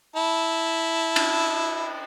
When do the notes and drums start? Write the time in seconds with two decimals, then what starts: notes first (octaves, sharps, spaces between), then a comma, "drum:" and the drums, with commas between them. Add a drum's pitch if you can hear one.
0.16 E4 A5
1.16 drum: cymbal